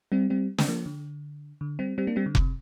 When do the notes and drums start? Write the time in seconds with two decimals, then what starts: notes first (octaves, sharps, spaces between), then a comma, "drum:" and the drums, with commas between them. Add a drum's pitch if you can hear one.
0.12 G3 C4
0.30 G3 C4
0.58 C4, drum: snare
0.68 F3 A#3
0.86 D3
1.61 D3
1.79 G3 C4
1.98 G3 C4
2.07 A#3 D4
2.16 G3 C4
2.26 D3
2.35 C3, drum: kick F1